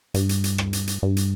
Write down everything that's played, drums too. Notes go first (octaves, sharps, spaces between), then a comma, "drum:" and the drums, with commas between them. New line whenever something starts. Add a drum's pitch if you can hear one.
G2, drum: hi-hat
drum: hi-hat
drum: hi-hat
drum: rim click
drum: hi-hat
drum: hi-hat
G2
drum: hi-hat